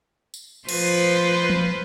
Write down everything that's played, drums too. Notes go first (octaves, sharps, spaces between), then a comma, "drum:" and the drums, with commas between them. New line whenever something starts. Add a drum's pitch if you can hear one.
drum: tambourine
F3 B4 C5, drum: cymbal
drum: tom F3